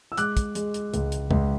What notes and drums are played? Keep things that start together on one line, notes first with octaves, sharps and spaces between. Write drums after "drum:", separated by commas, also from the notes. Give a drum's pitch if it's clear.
E6
G#3 D6 F#6, drum: hi-hat
drum: kick, hi-hat
G#3, drum: hi-hat
drum: hi-hat
C#2, drum: hi-hat
drum: hi-hat
C#2, drum: tom